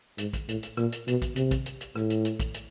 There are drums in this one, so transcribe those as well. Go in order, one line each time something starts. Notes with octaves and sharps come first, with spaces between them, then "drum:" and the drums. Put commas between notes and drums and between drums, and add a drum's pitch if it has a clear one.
G#2, drum: hi-hat
drum: kick, hi-hat
A2, drum: hi-hat
drum: hi-hat
A#2, drum: rim click
drum: hi-hat
B2, drum: hi-hat
drum: kick, hi-hat
C3, drum: hi-hat
drum: kick, hi-hat
drum: hi-hat
drum: hi-hat
A2, drum: rim click
drum: hi-hat
drum: hi-hat
drum: kick, hi-hat
drum: hi-hat